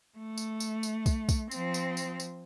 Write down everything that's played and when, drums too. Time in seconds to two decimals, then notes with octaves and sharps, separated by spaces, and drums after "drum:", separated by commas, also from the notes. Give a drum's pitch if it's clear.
0.18 A3
0.38 drum: tambourine
0.60 drum: tambourine
0.83 drum: tambourine
1.06 drum: kick, tambourine
1.29 drum: kick, tambourine
1.51 F3 C4, drum: tambourine
1.74 drum: tambourine
1.97 drum: tambourine
2.20 drum: tambourine